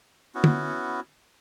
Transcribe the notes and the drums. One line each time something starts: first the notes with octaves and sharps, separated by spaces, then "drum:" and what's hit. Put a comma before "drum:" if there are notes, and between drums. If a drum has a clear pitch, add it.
B3 C#4 E4 F#4
drum: tom